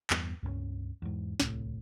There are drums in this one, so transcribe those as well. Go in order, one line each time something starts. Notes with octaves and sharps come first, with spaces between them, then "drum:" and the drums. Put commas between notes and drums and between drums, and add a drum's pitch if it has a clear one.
E2 G2 B3, drum: clap
C#2 G2 G3 C#4
E2 G#2
D1 C2 A2, drum: snare